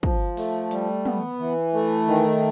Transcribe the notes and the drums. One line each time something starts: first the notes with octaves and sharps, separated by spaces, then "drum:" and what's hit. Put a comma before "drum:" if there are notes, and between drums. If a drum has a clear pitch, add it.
F3, drum: kick
A3, drum: open hi-hat
G3, drum: hi-hat
B3, drum: tom
E3
A3
D#3